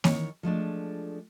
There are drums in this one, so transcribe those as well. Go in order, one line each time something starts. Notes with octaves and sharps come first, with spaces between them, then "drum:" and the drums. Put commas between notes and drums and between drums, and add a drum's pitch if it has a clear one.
D#3 E3 C#5, drum: snare A#3
F3 G#3 A3 D4